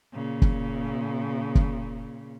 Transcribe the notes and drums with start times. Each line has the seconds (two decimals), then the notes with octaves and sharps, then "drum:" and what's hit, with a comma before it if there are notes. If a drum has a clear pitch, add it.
0.13 A#2 C#3
0.42 drum: kick
1.55 drum: kick